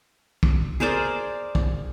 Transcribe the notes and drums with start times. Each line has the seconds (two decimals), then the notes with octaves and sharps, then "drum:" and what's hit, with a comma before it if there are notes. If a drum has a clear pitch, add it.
0.43 drum: kick
0.80 G#4 A#4 C5 D5
1.55 drum: kick